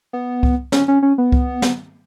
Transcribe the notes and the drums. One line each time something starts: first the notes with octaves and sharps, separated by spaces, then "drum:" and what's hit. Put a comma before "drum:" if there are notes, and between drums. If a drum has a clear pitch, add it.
B3
drum: kick C2
C#4, drum: snare
C#4
C#4
B3
drum: kick C2
drum: snare